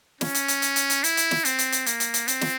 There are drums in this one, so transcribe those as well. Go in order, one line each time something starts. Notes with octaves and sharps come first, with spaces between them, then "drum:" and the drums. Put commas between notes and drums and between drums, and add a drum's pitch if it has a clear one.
C#4, drum: snare
drum: hi-hat
drum: hi-hat
drum: hi-hat
drum: hi-hat
drum: hi-hat
E4, drum: hi-hat
drum: hi-hat
drum: snare
C4, drum: hi-hat
drum: hi-hat
drum: hi-hat
A#3, drum: hi-hat
drum: hi-hat
drum: hi-hat
C4, drum: hi-hat
drum: snare